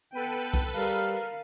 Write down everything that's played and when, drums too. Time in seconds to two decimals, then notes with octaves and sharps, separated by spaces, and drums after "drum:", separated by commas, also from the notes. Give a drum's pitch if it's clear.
0.13 B3 A4 B4 G5 D#7
0.54 drum: kick B1
0.75 G3 A#4 F5